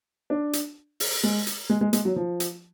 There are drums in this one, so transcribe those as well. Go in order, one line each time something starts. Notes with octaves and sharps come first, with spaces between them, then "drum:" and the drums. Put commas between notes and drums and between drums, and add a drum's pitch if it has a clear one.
D4
drum: hi-hat
drum: open hi-hat
G#3
drum: hi-hat
G#3
G#3
G#3, drum: hi-hat
F#3
F3
drum: hi-hat